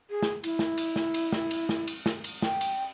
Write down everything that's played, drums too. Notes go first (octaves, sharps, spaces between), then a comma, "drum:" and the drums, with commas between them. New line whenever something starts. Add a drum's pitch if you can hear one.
G#4
drum: snare
E4, drum: cymbal
drum: snare
drum: cymbal
drum: snare
drum: cymbal
drum: snare
drum: cymbal
drum: snare
drum: cymbal
drum: snare
drum: cymbal
G5, drum: snare
drum: cymbal